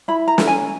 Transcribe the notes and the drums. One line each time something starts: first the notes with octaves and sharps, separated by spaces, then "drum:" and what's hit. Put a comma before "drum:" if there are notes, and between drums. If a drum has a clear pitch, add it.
E4 B5
A#5
C#4, drum: snare
G#5